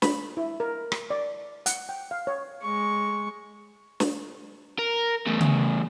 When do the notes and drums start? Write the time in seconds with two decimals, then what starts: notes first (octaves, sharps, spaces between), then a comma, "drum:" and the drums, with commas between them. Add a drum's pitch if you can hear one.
0.02 B5, drum: snare
0.37 E4
0.60 A#4
0.92 drum: rim click
1.10 D5
1.66 F#5, drum: hi-hat
1.89 G5
2.11 F5
2.27 C#5
2.62 G#3 C#6
4.00 drum: snare
4.79 A#4
5.26 E2 A2
5.40 drum: tom C#3